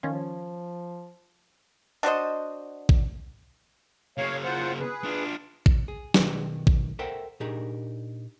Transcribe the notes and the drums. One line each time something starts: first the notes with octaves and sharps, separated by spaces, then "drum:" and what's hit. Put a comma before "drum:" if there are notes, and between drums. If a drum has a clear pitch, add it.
D#3 F3 C#4 F4
D4 F#4 C5 D#5
drum: kick A1
C#3 A#3 C#5 F5
F4 C5 F#5
G#4 B4
D4 F4
drum: kick A1
G#4
B1 D#3 G#4 B4 D5, drum: snare
drum: kick A1
A4 A#4 C5 E5 F#5 G5
A#2 D4 D#4 G4 G#4 A#4